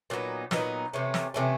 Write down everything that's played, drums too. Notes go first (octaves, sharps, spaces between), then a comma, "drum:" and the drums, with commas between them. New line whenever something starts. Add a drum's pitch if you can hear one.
A#2 F#3 B3 D#4
A#2 F#3 B3 D#4, drum: snare
C3 E3 A3 C#4
drum: snare
C3 E3 A3 C#4